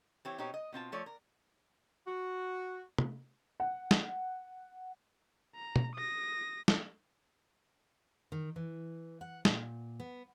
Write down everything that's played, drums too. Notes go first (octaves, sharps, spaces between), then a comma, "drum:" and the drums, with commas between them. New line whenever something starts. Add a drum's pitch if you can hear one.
E3 C4 E4 G4 C#5
B2 C4 D#4 G4 C#5
D#5
B2 C4 F4 A5
F3 A3 C#5 D5
A#4
F#4
drum: tom
F#5
drum: snare
A#5
drum: tom
D#6 A#6
drum: snare
D#3
E3
F#5
A#2, drum: snare
B3